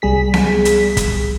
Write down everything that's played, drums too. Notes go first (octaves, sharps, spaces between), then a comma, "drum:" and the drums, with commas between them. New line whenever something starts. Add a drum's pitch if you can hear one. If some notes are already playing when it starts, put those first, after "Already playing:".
C2 G3 G#4 B6
drum: snare B3
drum: hi-hat
drum: kick, hi-hat